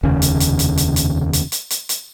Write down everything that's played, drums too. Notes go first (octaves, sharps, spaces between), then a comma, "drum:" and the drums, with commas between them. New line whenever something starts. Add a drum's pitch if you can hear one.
F1 D#2 C#3
drum: hi-hat
drum: hi-hat
drum: hi-hat
drum: hi-hat
drum: hi-hat
drum: hi-hat
drum: hi-hat
drum: hi-hat
drum: hi-hat